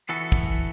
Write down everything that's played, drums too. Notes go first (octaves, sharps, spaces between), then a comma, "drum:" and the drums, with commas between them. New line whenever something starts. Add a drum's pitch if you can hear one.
E3 B3 F#4 A4
drum: kick